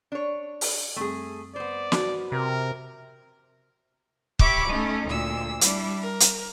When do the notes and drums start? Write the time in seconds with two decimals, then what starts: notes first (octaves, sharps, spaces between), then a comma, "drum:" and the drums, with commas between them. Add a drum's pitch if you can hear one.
0.12 D4 C#5
0.61 drum: open hi-hat
0.96 F#2 G3 A3 C4 G#4
1.56 B3 C5 D5
1.92 F#4 A5, drum: snare
2.32 C3 A#4
4.39 G4 C#5 E5 B5 C#6 D6, drum: kick
4.68 A3 C#4 D#4
5.06 D2 A#2 E6
5.61 G3 D4 E4, drum: hi-hat
6.02 A#4
6.20 drum: hi-hat